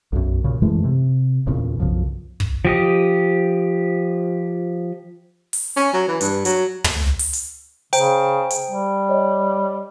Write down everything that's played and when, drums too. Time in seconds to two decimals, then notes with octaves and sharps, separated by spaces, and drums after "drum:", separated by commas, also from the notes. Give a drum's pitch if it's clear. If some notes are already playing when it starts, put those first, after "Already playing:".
0.12 B1 F#2
0.44 A#2 C#3
0.62 F#2 E3 G#3 A3
0.84 C3
1.46 D1 E2 A#2 C#3
1.80 B1 F#2 C#3 F3
2.40 drum: kick
2.65 F3 G4 D#5
5.53 drum: open hi-hat
5.76 C#4
5.93 F#3
6.08 E3
6.21 G2, drum: hi-hat
6.45 F#3, drum: hi-hat
6.84 drum: tom
7.19 drum: open hi-hat
7.33 drum: hi-hat
7.93 C#3 C5 G5 A#5, drum: hi-hat
8.50 drum: hi-hat
8.70 G3
9.09 C#5 D#5